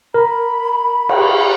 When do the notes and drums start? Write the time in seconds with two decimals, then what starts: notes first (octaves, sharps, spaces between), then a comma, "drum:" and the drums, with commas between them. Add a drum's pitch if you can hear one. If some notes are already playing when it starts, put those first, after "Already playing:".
0.14 A#4 B5
1.09 drum: cymbal